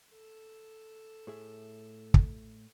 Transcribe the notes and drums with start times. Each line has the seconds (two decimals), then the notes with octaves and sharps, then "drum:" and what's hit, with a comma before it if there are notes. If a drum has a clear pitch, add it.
0.12 A4
1.27 A2 G#4 E5
2.14 drum: kick